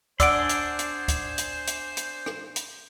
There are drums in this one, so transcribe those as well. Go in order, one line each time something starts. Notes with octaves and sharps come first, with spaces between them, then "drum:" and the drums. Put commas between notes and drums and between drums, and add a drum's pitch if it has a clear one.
D4 G#4 C5 D5 F#5 C6 E6 D7, drum: kick D2, hi-hat
drum: hi-hat
drum: hi-hat
drum: kick D2, hi-hat
drum: hi-hat
drum: hi-hat
drum: hi-hat
drum: rim click
drum: hi-hat